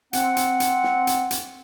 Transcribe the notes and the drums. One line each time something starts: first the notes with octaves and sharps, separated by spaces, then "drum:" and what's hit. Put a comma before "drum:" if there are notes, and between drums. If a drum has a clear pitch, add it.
C4 F#5, drum: hi-hat
drum: hi-hat
drum: hi-hat
drum: snare
drum: hi-hat
drum: hi-hat